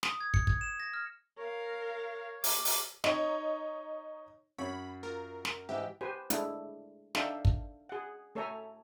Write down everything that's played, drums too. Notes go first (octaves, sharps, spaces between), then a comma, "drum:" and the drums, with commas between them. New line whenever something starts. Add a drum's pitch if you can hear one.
D#6, drum: snare
G#6
C#7, drum: kick
G#6, drum: kick
E7
A#6
F6
A#4 C#5 F5
D6, drum: open hi-hat
drum: open hi-hat
D#4 C#5, drum: snare
F#2 C#5 B5
F4 A#4
drum: snare
G#2 E3 D#4 G4 E5
G4 B4 C5 G#5
G#3 A3 D4 E4, drum: hi-hat
D4 D#4 A4 E5 F5 G5, drum: snare
drum: kick
G#4 F#5
A3 A4 C#5 E5 G#5 A#5